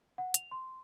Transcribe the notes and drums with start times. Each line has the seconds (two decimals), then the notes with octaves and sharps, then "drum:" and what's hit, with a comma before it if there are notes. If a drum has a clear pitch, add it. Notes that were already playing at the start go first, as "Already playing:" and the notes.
0.18 F#5
0.34 F7, drum: hi-hat
0.51 C6